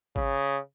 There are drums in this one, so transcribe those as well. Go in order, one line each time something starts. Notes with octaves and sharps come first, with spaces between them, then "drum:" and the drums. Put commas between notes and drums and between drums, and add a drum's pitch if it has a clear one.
C#3, drum: kick G#1